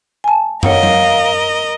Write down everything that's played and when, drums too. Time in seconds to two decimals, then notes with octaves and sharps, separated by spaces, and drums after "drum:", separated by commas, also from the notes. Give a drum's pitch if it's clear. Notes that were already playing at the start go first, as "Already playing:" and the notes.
0.24 G#5 A5
0.63 A#4 C#5 D#5 F5 F#5, drum: tom
0.83 drum: tom